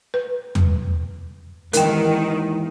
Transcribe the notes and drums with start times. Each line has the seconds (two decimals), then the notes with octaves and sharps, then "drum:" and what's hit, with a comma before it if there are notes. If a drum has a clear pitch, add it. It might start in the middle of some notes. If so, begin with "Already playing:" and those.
0.14 B4
0.55 drum: tom E2
1.73 D#2 G#2 D#3 E3 A#4 G5, drum: hi-hat